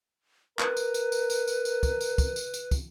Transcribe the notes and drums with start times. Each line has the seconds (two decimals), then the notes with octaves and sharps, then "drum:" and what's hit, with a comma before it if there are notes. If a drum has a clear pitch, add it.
0.59 A#4 B4, drum: clap
0.77 drum: tambourine
0.94 drum: tambourine
1.12 drum: tambourine
1.30 drum: tambourine
1.47 drum: tambourine
1.65 drum: tambourine
1.83 drum: kick, tambourine
2.01 drum: tambourine
2.18 drum: kick, tambourine
2.36 drum: tambourine
2.54 drum: tambourine
2.71 drum: kick, tambourine